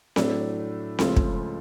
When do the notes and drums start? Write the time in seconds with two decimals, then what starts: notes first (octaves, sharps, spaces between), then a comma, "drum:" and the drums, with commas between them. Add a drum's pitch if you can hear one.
0.16 A2 F#3 A3 D4, drum: snare C4
0.99 C#2 C#3 F3 A3, drum: snare C4
1.17 drum: kick